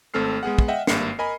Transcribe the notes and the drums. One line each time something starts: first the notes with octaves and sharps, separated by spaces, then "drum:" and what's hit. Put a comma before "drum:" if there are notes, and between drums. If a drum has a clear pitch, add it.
G#1 A3 C4 A4 F6 C7
G#3 B3 G#4 F#5
drum: kick
D#5 E5 F#5 G5
G#1 G2 A#3 E5 C7 C#7, drum: snare
A#4 D#5 G#5 B5